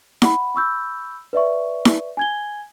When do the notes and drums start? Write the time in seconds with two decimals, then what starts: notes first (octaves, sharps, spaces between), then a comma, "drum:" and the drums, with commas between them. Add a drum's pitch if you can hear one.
0.22 F#5 B5, drum: snare E4
0.55 B5 C#6 E6 G6
1.33 B4 D5 E5 C#6
1.85 drum: snare E4
2.17 G#5 G#6 G7